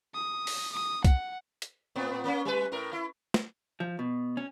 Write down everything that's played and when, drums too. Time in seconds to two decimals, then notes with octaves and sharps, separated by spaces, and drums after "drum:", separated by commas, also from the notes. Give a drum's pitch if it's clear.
0.14 D#6
0.47 drum: open hi-hat
0.72 D#6
1.05 F#5, drum: kick, hi-hat
1.62 drum: hi-hat
1.95 A2 B3 C4
2.24 A#3 C4 C#4
2.45 G3 B4
2.72 A2 A#4
2.93 E4
3.34 drum: snare
3.80 F3
3.99 B2
4.37 C#4